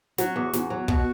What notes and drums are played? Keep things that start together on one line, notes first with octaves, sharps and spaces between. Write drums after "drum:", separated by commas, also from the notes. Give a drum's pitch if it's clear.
F#3 F#4, drum: snare
E2
E2, drum: snare
F#3
B2 F#4, drum: kick